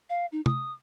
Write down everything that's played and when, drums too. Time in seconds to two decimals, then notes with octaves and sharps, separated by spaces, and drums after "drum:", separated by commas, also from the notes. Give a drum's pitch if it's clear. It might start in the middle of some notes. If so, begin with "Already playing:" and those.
0.10 F5
0.32 D#4
0.46 D#6, drum: tom